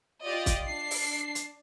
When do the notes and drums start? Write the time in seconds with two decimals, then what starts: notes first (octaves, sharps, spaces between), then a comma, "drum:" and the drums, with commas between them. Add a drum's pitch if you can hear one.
0.24 F4 G4 D5 D#5
0.46 drum: kick, hi-hat
0.64 D4 C7
0.91 drum: open hi-hat
1.35 drum: hi-hat